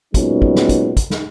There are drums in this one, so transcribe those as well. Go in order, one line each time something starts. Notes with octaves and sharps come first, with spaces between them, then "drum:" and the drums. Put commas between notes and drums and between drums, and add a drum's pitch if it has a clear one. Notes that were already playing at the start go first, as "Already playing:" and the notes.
A#2 F#3 G#3 B3 C#4 D#4, drum: kick, hi-hat
drum: kick
drum: snare
drum: kick, hi-hat
drum: kick, hi-hat
drum: snare